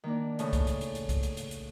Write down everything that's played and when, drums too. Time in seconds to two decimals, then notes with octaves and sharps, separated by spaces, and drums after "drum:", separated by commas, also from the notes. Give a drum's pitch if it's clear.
0.04 D#3 A#3 D4
0.39 A2 C#3 A5 D#6, drum: hi-hat
0.53 drum: kick C2, hi-hat
0.67 drum: hi-hat
0.81 drum: hi-hat
0.95 drum: hi-hat
1.09 drum: kick C2, hi-hat
1.23 drum: hi-hat
1.37 drum: hi-hat
1.51 drum: hi-hat